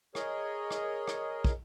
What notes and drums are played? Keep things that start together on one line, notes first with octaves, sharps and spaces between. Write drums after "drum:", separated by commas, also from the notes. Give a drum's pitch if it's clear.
G#4 A#4 C#5 D#5, drum: rim click
drum: rim click
drum: rim click
drum: kick